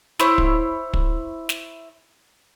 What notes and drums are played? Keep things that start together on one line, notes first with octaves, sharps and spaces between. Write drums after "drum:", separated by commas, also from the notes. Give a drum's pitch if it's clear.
E4 C5 C#5, drum: snare
drum: kick
drum: kick
drum: snare